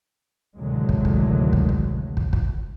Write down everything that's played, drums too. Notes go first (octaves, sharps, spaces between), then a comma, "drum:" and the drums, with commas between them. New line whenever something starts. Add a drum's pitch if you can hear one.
D2 A2 C3 D#3 F#3 G#3
drum: kick
drum: kick
drum: kick
drum: kick
drum: kick
drum: kick